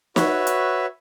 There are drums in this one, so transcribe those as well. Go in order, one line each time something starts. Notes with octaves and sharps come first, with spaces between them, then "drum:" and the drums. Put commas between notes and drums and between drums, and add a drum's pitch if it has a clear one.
F#4 B4 C#5 E5, drum: snare
drum: hi-hat